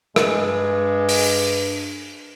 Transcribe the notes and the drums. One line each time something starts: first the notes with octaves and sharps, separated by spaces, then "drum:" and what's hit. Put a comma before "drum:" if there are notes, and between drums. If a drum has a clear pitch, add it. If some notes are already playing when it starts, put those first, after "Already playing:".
G2 G#3, drum: rim click
drum: open hi-hat